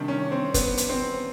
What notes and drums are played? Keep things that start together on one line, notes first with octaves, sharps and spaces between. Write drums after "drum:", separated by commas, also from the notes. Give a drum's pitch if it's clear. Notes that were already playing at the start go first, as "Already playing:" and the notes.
Already playing: C3 D#3 G3 D4
C#4
C4
B3, drum: kick, hi-hat
drum: hi-hat
C4